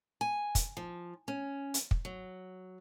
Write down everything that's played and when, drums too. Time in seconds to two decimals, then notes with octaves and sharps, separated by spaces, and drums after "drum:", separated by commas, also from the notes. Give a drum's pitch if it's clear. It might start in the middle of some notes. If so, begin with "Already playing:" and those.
0.21 G#5
0.55 drum: kick, hi-hat
0.77 F3
1.28 C#4
1.74 drum: hi-hat
1.91 drum: kick
2.05 F#3